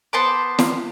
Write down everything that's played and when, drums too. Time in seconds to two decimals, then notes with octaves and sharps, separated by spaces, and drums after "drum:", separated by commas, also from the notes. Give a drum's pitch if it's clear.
0.13 B3 C5 A5 D6
0.59 drum: snare